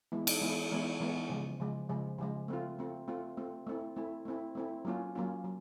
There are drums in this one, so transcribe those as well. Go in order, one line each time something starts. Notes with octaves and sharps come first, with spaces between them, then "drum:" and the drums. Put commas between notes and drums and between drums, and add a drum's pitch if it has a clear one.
E3 G#3 B3 E4
drum: cymbal
E3 G#3 B3 E4
E3 G#3 B3 E4
E3 G#3 B3 E4
C#3 F3 G#3
C#3 F3 G#3
C#3 F3 G#3
C#3 F3 G#3
A3 C4 F4
A3 C4 F4
A3 C4 F4
A3 C4 F4
A3 C4 E4
A3 C4 E4
A3 C4 E4
A3 C4 E4
F#3 A#3 C#4 F4
F#3 A#3 C#4 F4
F#3